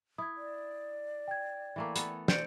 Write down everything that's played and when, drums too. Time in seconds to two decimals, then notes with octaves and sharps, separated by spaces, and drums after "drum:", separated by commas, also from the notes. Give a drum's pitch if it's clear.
0.18 E4 D#6 G#6
0.37 D5
1.28 G5 G#6
1.76 E3 A3 A#3
1.96 B3 A4, drum: hi-hat
2.28 C4 D5 G6 C#7 D7, drum: snare